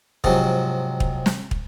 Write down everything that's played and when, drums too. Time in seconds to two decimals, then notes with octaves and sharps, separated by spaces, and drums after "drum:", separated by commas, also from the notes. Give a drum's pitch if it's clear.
0.24 G#2 C3 F3 F#3, drum: kick
1.00 drum: kick
1.26 drum: snare
1.51 drum: kick